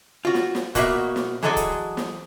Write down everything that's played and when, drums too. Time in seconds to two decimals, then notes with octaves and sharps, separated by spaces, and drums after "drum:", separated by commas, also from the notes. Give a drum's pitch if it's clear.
0.25 F4 F#4
0.34 drum: snare
0.55 drum: snare
0.75 B2 A#3 F#4 D5 E5, drum: kick, hi-hat
1.16 drum: snare
1.42 E3 F#3 G#3 G#4 A4 D5
1.56 drum: kick, hi-hat
1.97 drum: snare